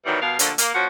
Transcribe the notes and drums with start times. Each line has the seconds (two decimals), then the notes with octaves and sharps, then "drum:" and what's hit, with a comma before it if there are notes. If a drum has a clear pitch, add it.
0.06 B2 D#3 E3 F#3 G3
0.22 G2 B2 A#4 F5
0.39 A#2 D3 F3 G3 A3 A#3, drum: hi-hat
0.58 A#3, drum: hi-hat
0.74 A#2 F3 C#4 F#4